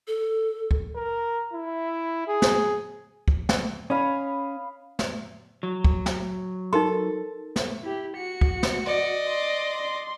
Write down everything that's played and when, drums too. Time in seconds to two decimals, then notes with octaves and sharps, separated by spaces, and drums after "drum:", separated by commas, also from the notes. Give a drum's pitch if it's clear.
0.07 A4
0.71 drum: kick
0.95 A#4
1.53 E4
2.27 G#4
2.42 drum: snare
3.28 drum: kick
3.49 drum: snare
3.90 C#4 F5 B5 D#6
4.99 drum: snare
5.63 F#3
5.84 drum: kick
6.06 drum: snare
6.73 D#4 A4 A#4 C6
7.56 drum: snare
7.82 E4 G4
8.17 F#4 C#7
8.41 drum: kick
8.63 drum: snare
8.86 D5 D#5
9.28 C6
9.82 C6